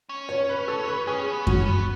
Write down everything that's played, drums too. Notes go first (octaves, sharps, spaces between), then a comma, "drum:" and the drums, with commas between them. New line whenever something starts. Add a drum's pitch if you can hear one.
C#4
C#5
B4
A4
B4
C#4 G#4
B3
C#4 F#4, drum: kick F#2
B3